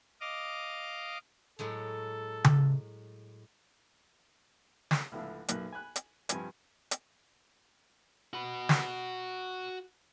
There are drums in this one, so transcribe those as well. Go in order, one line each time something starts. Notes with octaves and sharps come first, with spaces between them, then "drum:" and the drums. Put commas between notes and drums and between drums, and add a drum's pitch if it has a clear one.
D#5 F5 D6
A2 F#3 G#3 A4
drum: tom C#3
drum: snare
C#2 A2 D3 F3 E5 F5
B1 F#2 A#2 A#3 F#6, drum: hi-hat
G#5 B5 F#6
drum: hi-hat
G2 C3 F3 G#5, drum: hi-hat
drum: hi-hat
F#4 B5
drum: snare